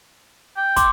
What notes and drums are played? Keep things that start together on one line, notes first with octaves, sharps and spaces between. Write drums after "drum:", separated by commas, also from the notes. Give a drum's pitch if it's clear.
G5
C6 D6, drum: kick, hi-hat